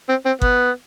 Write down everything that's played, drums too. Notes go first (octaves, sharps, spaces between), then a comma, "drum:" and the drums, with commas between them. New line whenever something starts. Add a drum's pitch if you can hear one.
C4
C4
B3, drum: kick G1